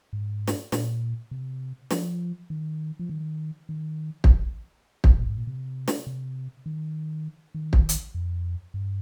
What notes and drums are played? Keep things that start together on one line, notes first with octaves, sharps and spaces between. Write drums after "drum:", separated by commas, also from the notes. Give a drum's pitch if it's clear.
G#2
drum: snare
A#2, drum: snare
C3
F3, drum: snare
D#3
F3
D#3
D#3
drum: kick
drum: kick
A#2
G#2
A#2
C3
drum: snare
C3
D#3
D#3
drum: kick
drum: hi-hat
F2
G2